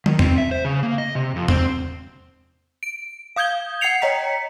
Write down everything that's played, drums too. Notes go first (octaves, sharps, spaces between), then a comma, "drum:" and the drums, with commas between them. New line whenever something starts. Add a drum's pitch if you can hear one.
D#3, drum: tom
C4, drum: tom E2
E5
C5
C#3
A#3
D#5
C3
F2
C4, drum: tom E2
D7
F5 D#6 G6 G#6 G7
F#5 G#6 C7 C#7 F7
C#5 D#5 G5 A#5 B6 C#7